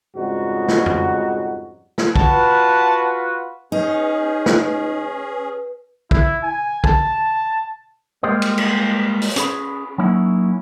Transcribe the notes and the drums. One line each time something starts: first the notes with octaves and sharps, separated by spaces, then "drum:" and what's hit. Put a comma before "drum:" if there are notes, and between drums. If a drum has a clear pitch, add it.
F2 G#2 C#3 G3 D#4 F#4
drum: snare
drum: tom F2
drum: snare
F4 F#4 B4 A5, drum: kick
C#4 D#4 G#4 B4
drum: snare
E4, drum: kick
G#5
A5, drum: kick
G3 G#3 A#3 G4 C5 D#5
drum: cymbal
drum: cymbal
drum: open hi-hat
C#4 G#4 B5, drum: hi-hat
F#3 A#3 C#4 D#4 E4